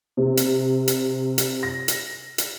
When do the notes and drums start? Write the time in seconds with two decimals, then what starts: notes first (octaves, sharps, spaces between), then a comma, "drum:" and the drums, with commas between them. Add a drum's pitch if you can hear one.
0.17 C3
0.37 drum: hi-hat
0.88 drum: hi-hat
1.38 drum: hi-hat
1.63 A#6
1.88 drum: hi-hat
2.38 drum: hi-hat